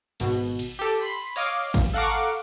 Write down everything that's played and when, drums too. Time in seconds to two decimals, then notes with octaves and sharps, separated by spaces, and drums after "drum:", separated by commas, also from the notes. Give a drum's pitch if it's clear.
0.20 G#1 B2, drum: cymbal
0.59 drum: cymbal
0.79 G4 A4
1.01 B5 C6
1.36 C#5 D#5 F5 D6, drum: cymbal
1.74 drum: kick G#1, cymbal
1.94 A4 F5 F#5 A#5 C#6 D6